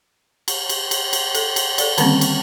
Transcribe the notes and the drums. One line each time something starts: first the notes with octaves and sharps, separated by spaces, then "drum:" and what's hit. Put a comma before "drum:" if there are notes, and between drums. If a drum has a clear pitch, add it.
drum: cymbal
drum: cymbal
drum: cymbal
drum: cymbal
A4, drum: cymbal
drum: cymbal
A4 D5, drum: cymbal
D3 D#3 G3 A#3 C4 C#4, drum: cymbal
drum: cymbal